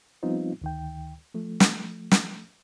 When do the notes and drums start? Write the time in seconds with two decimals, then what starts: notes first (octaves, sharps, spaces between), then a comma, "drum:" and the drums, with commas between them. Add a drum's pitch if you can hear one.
0.23 F3 G3 B3 C4 D#4 F4
0.62 D2 D#3 G5
1.35 F3 A3
1.60 drum: snare
2.12 drum: snare